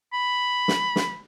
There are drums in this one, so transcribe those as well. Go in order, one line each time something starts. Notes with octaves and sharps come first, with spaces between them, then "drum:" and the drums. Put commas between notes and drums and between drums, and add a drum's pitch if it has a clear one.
B5
drum: snare
drum: snare